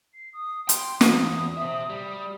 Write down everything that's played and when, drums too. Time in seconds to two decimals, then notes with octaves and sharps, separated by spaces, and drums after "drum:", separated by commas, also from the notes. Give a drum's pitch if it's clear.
0.14 C7
0.33 D#6
0.69 G5 C6, drum: hi-hat
1.01 E2 D#6, drum: snare
1.57 C5 E5
1.90 G3